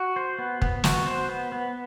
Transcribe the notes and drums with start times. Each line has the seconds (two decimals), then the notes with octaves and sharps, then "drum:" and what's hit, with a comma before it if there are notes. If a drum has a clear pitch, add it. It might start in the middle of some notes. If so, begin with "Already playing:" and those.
Already playing: F#4
0.16 C5
0.39 B3
0.62 B3, drum: kick
0.84 F#4, drum: snare
1.06 C5
1.29 B3
1.52 B3